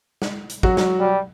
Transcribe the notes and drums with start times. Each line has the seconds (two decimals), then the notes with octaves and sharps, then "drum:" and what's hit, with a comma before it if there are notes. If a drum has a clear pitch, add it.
0.22 drum: snare
0.49 drum: hi-hat
0.63 F#3 F#4, drum: kick
0.77 drum: snare
1.00 G3